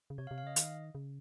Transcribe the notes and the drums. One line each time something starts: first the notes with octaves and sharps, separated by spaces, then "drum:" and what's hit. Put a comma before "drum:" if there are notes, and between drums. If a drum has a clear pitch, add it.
C#3
C3 C#5
F5
C3
F5
C#3 D#5
D#3, drum: hi-hat
C#3